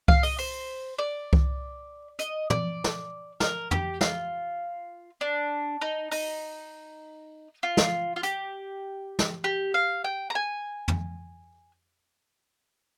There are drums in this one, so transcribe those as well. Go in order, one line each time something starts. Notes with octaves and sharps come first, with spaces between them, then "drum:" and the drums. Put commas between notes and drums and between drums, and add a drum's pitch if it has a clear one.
F5, drum: kick C2
D#5, drum: open hi-hat
C5, drum: open hi-hat
D5
drum: kick C2
D#5, drum: hi-hat
D5, drum: tom
drum: snare
A#4, drum: snare
G4, drum: tom
F4, drum: snare
D4
D#4
D#4, drum: open hi-hat
F4
drum: snare
F4
G4, drum: hi-hat
drum: snare
G4
F5
G5
A#5
G#5
drum: tom